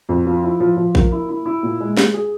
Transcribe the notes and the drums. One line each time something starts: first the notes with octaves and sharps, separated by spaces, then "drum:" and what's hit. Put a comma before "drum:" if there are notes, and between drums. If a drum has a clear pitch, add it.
F2
F3
E4
F3
F3
A#3, drum: kick A1
E4
E4
E4
A#2
G#3
G#4, drum: snare
G#4